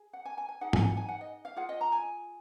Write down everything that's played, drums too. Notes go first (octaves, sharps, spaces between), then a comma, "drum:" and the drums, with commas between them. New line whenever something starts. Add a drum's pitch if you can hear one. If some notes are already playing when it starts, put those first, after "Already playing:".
Already playing: G#4
F#5
G#5
G#5
G#5
D#4 G#4 F#5
G#5, drum: tom G#2
F#5
G#5
F#5
D#5
F5
F4 G#4 F#5
D#5
A#5
G#5